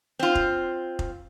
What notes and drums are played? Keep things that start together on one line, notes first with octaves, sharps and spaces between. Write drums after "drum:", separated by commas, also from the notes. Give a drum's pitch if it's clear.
C4 F4
drum: kick F1
drum: kick F1